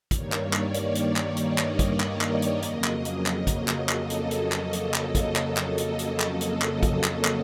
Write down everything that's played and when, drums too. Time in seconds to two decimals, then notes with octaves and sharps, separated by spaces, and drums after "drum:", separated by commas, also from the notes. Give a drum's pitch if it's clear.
0.11 G2 D#3 G3 A#3 C#5, drum: kick, hi-hat
0.32 drum: clap
0.42 D5
0.53 drum: clap
0.74 C#5, drum: hi-hat
0.95 drum: hi-hat
1.16 drum: clap
1.37 D#5, drum: hi-hat
1.58 drum: clap
1.79 drum: kick, hi-hat
2.00 drum: clap
2.21 drum: clap
2.42 drum: hi-hat
2.62 F2 C#3 F#3 A#3 D#5, drum: hi-hat
2.84 drum: clap
3.05 drum: hi-hat
3.26 D#5, drum: clap
3.47 drum: kick, hi-hat
3.68 drum: clap
3.89 A4, drum: clap
4.10 drum: hi-hat
4.31 drum: hi-hat
4.52 drum: clap
4.73 drum: hi-hat
4.94 drum: clap
5.15 drum: kick, hi-hat
5.36 drum: clap
5.57 drum: clap
5.78 drum: hi-hat
5.99 drum: hi-hat
6.20 drum: clap
6.41 drum: hi-hat
6.62 drum: clap
6.83 drum: kick, hi-hat
7.04 drum: clap
7.25 drum: clap